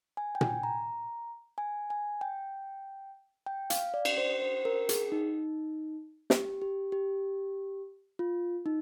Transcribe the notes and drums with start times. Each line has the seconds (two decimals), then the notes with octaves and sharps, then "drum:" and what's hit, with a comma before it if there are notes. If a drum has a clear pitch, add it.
0.17 G#5
0.35 G5
0.41 G#5, drum: tom A#2
0.63 A#5
1.58 G#5
1.90 G#5
2.21 G5
3.47 G5
3.70 F5, drum: hi-hat
3.94 D5
4.05 drum: cymbal
4.18 C5
4.42 C5
4.65 A#4
4.89 G#4, drum: hi-hat
5.12 D#4
6.30 G4, drum: snare
6.62 G4
6.92 G4
8.19 F4
8.66 D#4